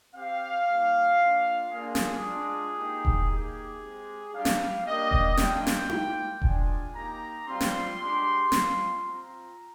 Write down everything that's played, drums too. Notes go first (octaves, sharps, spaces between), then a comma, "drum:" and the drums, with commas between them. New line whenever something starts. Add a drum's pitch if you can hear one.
C4 G4 F5
G3 A#3 D#4 G4
A#3 D4 F4
A#3 D4 F4 G#4
drum: snare
G#3 D4 F4
A#3 D#4 G4
drum: kick E1
A#3 D#4 G4 G#4
G#3 C4 G4
G3 D4 G4 F5
drum: snare
A#3 D4 G4 D#5
drum: kick E1
A#3 D4 F4 G5, drum: snare
drum: snare
G3 A#3 F4, drum: tom D#4
G#3 D4 F4 G#5, drum: kick E1
A#3 D#4 G4 A#5
G3 C4 F4 C6
drum: snare
G#3 D4 G4
G3 C4 F4, drum: snare
C4 F4 A#5